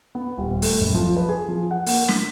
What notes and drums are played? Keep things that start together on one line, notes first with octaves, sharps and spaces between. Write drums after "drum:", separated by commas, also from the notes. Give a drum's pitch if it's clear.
B3
D#1
A3, drum: open hi-hat
F#1
F3
B4
G#4
F3
F#5
A#3, drum: open hi-hat
B6, drum: snare